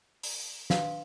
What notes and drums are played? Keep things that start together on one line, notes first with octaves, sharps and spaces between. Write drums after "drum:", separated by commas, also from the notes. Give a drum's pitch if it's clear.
drum: open hi-hat
D4 G4 B4 F5 C6, drum: snare